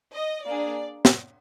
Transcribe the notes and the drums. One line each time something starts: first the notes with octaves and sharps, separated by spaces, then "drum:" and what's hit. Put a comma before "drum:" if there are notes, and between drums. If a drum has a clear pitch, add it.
D#5
A#3 D4 G#4 D5
drum: snare